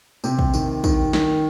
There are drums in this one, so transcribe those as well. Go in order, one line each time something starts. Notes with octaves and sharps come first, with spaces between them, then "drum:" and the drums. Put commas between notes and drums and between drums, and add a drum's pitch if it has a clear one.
C3 G4, drum: tambourine
drum: kick
D#3, drum: tambourine
D#3, drum: kick, tambourine
D#3, drum: snare